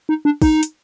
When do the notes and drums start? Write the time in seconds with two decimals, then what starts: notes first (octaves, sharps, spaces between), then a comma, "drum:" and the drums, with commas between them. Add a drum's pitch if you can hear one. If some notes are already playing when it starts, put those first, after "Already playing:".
0.09 D#4
0.25 D4
0.42 D#4, drum: kick, open hi-hat
0.63 drum: hi-hat